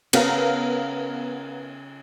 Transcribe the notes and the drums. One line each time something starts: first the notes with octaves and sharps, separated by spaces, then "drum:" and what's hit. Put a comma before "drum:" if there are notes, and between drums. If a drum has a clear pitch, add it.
C#3 B3 A4 A#4 F5, drum: cymbal